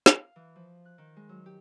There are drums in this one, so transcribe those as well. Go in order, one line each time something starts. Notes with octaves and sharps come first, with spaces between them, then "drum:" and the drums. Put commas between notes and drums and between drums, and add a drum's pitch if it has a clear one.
drum: snare
F5
E3
F3
F#6
D#3
G#3
F#3
G4